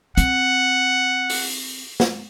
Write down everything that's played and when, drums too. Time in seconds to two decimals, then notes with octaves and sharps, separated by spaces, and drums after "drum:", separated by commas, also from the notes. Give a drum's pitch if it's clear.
0.17 C4 F#5, drum: hi-hat
1.30 drum: open hi-hat
2.00 drum: snare